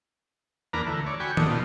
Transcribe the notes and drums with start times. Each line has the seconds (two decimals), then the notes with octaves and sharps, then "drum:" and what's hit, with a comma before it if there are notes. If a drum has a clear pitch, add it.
0.73 E2 A#3 D4 B4 A#5
0.86 D2 E3 A3
1.07 C#5 D5
1.20 F#4 G5 G#5 B5 C#6
1.37 A3 D4 D#4, drum: tom D#3
1.50 B2 D#3 F3